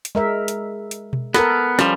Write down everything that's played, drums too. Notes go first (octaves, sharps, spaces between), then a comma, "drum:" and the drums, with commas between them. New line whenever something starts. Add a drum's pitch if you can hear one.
drum: hi-hat
G#3 A#4 E5
drum: hi-hat
drum: hi-hat
drum: tom B2
B3 A4 A#4, drum: snare
F3 G3 C#4, drum: snare